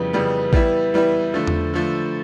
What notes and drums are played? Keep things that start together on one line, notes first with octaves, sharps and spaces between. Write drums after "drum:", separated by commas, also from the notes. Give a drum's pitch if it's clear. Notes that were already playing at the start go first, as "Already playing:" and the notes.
Already playing: F2 C#3 E3 G3 B3
F2 C#3 E3 G3 B3
E3 G3 B3 E4, drum: kick A1
E3 G3 B3 E4
D3 F3 A3
drum: tom E2
D3 F3 A3